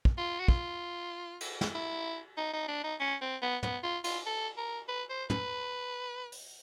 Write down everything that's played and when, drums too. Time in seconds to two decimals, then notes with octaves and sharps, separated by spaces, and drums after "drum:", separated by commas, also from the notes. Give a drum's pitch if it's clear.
0.05 drum: kick
0.18 F4
0.40 F#4
0.48 F4, drum: kick
1.40 drum: cymbal
1.61 drum: snare
1.75 E4
2.37 D#4
2.53 D#4
2.68 D4
2.84 D#4
3.00 C#4
3.21 C4
3.42 B3
3.63 B3, drum: tom
3.83 F4
4.04 F4, drum: cymbal
4.26 A4
4.57 A#4
4.88 B4
5.10 C5
5.30 B4, drum: tom
6.32 drum: open hi-hat